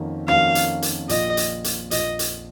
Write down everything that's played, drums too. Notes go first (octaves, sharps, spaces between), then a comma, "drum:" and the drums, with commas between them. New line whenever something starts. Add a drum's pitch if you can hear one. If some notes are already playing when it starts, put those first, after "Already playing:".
Already playing: F2 D#3 A#3 C#4 F#4
F2 D#3 A#3 C#4 F#4 F5, drum: rim click
drum: hi-hat
drum: hi-hat
A#1 A#2 F3 D#5, drum: hi-hat
drum: hi-hat
drum: hi-hat
A#1 A#2 F3 D#5, drum: hi-hat
drum: hi-hat